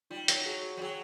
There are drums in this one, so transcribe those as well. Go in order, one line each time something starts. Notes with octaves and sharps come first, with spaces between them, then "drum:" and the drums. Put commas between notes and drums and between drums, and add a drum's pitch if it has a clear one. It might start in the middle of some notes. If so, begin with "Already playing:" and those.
G3 D#4 F4
F#3, drum: hi-hat
F#4 G#4
G3
F#3 F#4 G#4